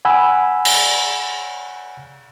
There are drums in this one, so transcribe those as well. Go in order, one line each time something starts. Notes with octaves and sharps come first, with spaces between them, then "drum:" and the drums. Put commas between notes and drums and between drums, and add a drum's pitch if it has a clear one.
F#5 G#5 B5 E6
drum: cymbal